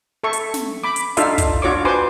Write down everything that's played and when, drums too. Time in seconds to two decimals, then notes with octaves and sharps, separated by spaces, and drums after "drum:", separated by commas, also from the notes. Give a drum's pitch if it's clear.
0.24 A4 E5 C#6
0.33 drum: hi-hat
0.54 drum: snare
0.84 B5 D6
0.96 drum: hi-hat
1.17 D4 D#4 F4 A4 E5 F5, drum: hi-hat
1.38 drum: kick, hi-hat
1.62 D4 F4 F#4 C#5 C#6 D6
1.85 B4 C5 G#5 C6 D6